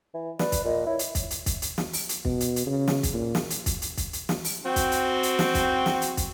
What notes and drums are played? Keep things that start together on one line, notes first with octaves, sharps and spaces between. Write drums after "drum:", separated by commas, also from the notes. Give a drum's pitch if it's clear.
E3
B4 D5, drum: snare
drum: kick, hi-hat
A#2 D#5
E4 C#5
drum: hi-hat
drum: kick, hi-hat
drum: hi-hat
drum: kick, hi-hat
drum: hi-hat
drum: snare
drum: open hi-hat
drum: hi-hat
B2, drum: kick
drum: hi-hat
drum: hi-hat
C#3
drum: snare
drum: kick, hi-hat
A#2
drum: snare
drum: hi-hat
drum: kick, hi-hat
drum: hi-hat
drum: kick, hi-hat
drum: hi-hat
drum: snare
drum: open hi-hat
C4 F#4 G5
drum: kick, hi-hat
drum: hi-hat
drum: hi-hat
drum: snare
drum: kick, hi-hat
drum: snare
drum: hi-hat
drum: kick, hi-hat